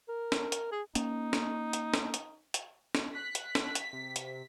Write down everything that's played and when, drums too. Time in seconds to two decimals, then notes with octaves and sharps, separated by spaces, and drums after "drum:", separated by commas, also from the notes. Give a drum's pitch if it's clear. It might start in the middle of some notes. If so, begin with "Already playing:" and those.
0.08 A#4
0.32 drum: snare
0.52 drum: hi-hat
0.72 G#4
0.95 A#3 C#4 D#4, drum: hi-hat
1.33 drum: snare
1.73 drum: hi-hat
1.94 drum: snare
2.14 drum: hi-hat
2.54 drum: hi-hat
2.95 drum: snare
3.15 F#6 B6
3.35 drum: hi-hat
3.55 drum: snare
3.75 drum: hi-hat
3.93 C3
4.16 drum: hi-hat